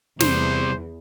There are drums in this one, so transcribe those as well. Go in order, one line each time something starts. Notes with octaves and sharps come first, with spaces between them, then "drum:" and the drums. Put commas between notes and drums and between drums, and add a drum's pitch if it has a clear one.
E2 C3 G3 C5, drum: snare